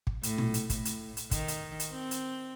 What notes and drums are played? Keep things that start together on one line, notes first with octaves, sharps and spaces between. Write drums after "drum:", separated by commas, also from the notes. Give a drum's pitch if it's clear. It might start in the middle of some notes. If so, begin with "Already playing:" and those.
drum: kick
A2, drum: hi-hat
drum: tom A#2
drum: hi-hat
A2, drum: kick, hi-hat
drum: hi-hat
drum: hi-hat
D#3, drum: kick, hi-hat
drum: hi-hat
drum: hi-hat
C4
drum: hi-hat